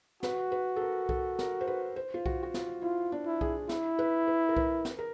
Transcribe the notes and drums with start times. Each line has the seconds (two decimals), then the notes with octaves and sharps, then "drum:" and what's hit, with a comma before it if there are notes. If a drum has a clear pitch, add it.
0.23 F#4 B4, drum: snare
0.52 B4
0.76 A4
0.81 A#4
1.09 A4, drum: kick B1
1.39 A#4, drum: snare
1.61 C5
1.68 B4
1.96 C5
2.14 F4
2.26 F#4, drum: kick B1
2.43 F#4
2.54 F4, drum: snare
2.82 E4 F4
3.12 D4
3.26 E4
3.41 G#4, drum: kick B1
3.69 E4, drum: snare
3.99 B4
4.28 B4
4.49 A#4
4.57 B4, drum: kick B1
4.85 drum: snare
4.99 A#4